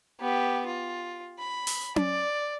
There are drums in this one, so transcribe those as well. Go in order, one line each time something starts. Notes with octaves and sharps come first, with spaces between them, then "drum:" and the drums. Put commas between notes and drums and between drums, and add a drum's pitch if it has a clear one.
B3 G4
F4
B5
drum: open hi-hat
D5, drum: tom C#4